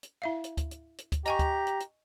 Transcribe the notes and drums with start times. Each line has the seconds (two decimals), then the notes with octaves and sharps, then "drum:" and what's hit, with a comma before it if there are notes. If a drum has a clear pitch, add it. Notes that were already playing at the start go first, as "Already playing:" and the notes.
0.03 drum: hi-hat
0.22 E4 E5 F5
0.44 drum: hi-hat
0.57 drum: kick D2, hi-hat
0.71 drum: hi-hat
0.98 drum: hi-hat
1.12 drum: kick D2, hi-hat
1.26 G4 D#5 G#5 A#5 C#6, drum: hi-hat
1.39 drum: kick D2, hi-hat
1.67 drum: hi-hat
1.80 drum: hi-hat